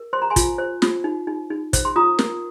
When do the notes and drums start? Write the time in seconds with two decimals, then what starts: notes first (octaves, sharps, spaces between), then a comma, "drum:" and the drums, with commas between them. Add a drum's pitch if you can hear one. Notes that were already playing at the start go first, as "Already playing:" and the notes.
Already playing: A#4
0.13 C5 C6
0.22 A#5
0.30 G#5 C6
0.36 F4, drum: kick, hi-hat
0.58 C5
0.82 F4, drum: snare
1.04 D#4
1.27 D#4
1.50 D#4
1.73 C5, drum: kick, hi-hat
1.85 C6
1.96 F4 A#5 D#6
2.19 A#4, drum: snare